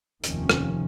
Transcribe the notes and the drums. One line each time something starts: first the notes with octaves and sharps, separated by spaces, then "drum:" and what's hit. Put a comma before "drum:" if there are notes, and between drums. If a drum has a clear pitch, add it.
F1 D#2 C3 D#3 F3 C#4, drum: hi-hat
drum: rim click